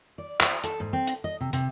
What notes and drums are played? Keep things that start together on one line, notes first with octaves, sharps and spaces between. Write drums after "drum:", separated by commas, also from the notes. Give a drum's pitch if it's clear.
D5
C5, drum: clap
A4, drum: hi-hat
G#2
C4
drum: hi-hat
D#5
C3
C3, drum: hi-hat